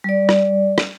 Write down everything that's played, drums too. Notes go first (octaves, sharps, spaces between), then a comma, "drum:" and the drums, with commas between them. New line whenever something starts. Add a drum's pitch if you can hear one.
G3 D5
drum: rim click
drum: rim click